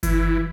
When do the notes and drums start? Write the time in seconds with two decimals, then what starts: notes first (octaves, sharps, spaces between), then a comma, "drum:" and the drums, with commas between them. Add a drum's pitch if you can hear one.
0.03 E3, drum: kick G1, hi-hat